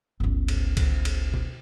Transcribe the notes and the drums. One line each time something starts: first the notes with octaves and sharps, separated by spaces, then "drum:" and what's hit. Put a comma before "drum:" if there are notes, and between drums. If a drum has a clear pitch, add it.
G1 C#2
drum: cymbal
drum: kick C#2, cymbal
drum: cymbal
drum: tom B2